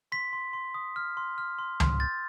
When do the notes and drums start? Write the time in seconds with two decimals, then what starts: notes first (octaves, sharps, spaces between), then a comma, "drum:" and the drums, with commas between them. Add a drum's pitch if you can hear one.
0.12 C6 B6
0.33 C6
0.53 C6
0.74 D#6
0.96 F6
1.17 C6
1.38 F6
1.59 C6
1.80 C6, drum: tom C#2
2.00 G6 A6